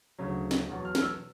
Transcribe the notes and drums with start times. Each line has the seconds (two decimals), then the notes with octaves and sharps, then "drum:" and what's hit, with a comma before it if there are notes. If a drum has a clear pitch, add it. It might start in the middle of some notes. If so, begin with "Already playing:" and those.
0.19 D2 C#3 F#3
0.51 drum: snare
0.69 E2 B2 F#3
0.85 F6
0.95 F6, drum: snare
1.01 E6